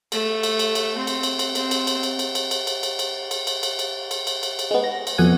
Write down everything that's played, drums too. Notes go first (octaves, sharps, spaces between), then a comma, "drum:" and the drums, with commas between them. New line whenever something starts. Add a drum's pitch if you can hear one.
A3, drum: cymbal
drum: cymbal
drum: cymbal
drum: cymbal
C4
drum: cymbal
drum: cymbal
drum: cymbal
C4, drum: cymbal
drum: cymbal
drum: cymbal
drum: cymbal
drum: cymbal
drum: cymbal
drum: cymbal
drum: cymbal
drum: cymbal
drum: cymbal
drum: cymbal
drum: cymbal
drum: cymbal
drum: cymbal
drum: cymbal
drum: cymbal
drum: cymbal
drum: cymbal
G#3 B3
A#6
drum: cymbal
F2 B2 F#5 G#5